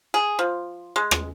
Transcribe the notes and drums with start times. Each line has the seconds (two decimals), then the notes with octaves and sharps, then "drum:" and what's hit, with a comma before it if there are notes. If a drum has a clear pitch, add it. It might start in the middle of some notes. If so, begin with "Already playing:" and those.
0.14 G#4
0.39 F3
0.96 G#3
1.11 drum: rim click